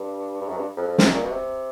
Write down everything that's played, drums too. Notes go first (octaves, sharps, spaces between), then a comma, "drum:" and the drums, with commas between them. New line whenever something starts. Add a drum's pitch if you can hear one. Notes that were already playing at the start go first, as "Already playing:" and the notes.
Already playing: G2
G2
F#2
G2
F2
F2
F2, drum: snare
F#2
A#2
B2
C3